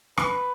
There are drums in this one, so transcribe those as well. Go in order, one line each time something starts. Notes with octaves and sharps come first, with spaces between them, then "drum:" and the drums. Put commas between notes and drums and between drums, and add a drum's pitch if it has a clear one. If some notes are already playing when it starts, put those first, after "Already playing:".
B4, drum: rim click